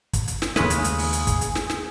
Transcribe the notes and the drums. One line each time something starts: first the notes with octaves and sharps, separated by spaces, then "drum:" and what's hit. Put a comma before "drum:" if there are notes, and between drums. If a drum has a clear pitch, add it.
drum: kick, hi-hat
drum: hi-hat
drum: snare
D#2 C#3 G#3 A3 G#4 B4, drum: snare
drum: hi-hat
drum: hi-hat
drum: open hi-hat
drum: hi-hat
drum: kick, hi-hat
drum: hi-hat
drum: snare
drum: snare